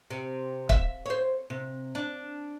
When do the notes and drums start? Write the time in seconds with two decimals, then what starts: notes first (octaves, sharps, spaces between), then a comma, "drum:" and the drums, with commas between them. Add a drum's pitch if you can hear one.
0.10 C3
0.69 E5, drum: kick
1.06 C5 C#5
1.50 C3
1.95 D4